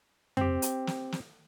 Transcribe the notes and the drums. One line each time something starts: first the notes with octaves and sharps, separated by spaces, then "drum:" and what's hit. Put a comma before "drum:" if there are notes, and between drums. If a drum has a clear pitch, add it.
C4 G4, drum: tom
drum: hi-hat
drum: snare
drum: snare